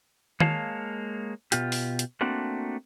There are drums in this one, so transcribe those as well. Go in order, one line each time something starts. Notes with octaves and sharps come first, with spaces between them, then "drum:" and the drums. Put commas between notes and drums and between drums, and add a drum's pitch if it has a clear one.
G#3 A#3 C#5 F5 A5, drum: tom D#3
B2 F4 G4, drum: hi-hat
drum: open hi-hat
drum: hi-hat
A3 A#3 C4 D4 F#4